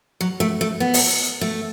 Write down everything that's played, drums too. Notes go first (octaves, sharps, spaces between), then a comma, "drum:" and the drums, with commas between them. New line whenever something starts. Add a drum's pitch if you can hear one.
F#3
A3
A3
B3
drum: open hi-hat
A3